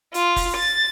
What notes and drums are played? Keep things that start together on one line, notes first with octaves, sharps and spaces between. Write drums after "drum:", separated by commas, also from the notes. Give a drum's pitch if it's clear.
F4, drum: hi-hat
drum: kick F1, open hi-hat
A6